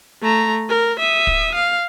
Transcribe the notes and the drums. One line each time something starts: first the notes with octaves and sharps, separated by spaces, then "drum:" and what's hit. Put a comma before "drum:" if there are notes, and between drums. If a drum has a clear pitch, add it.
A3 A#5
A#4
E5 D#6
drum: kick
F5